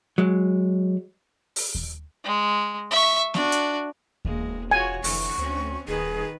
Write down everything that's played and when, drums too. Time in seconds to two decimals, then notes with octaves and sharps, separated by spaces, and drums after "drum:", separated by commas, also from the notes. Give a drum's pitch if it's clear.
0.18 F#3 G#3
1.56 drum: open hi-hat
1.75 drum: kick D#2
2.24 G#3
2.91 E5 C#6
3.34 D4 F#4, drum: snare B3
3.52 drum: hi-hat
4.25 E1 G#3 A#3, drum: kick D#2
4.71 F4 F#4 C#5 G#5
5.04 F1 D3 E3 C#6, drum: open hi-hat
5.38 D2 C4 C#4
5.88 D#1 D#3 D#4 G#4 B4